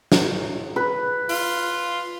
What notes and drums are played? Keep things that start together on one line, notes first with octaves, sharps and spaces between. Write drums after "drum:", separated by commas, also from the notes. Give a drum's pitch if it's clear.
drum: snare
B4
F4, drum: open hi-hat